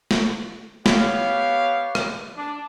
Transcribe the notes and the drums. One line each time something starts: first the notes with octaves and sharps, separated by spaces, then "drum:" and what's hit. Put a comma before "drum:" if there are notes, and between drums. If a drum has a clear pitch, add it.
drum: snare
B3 G4 C#5 F5, drum: snare
drum: rim click
D4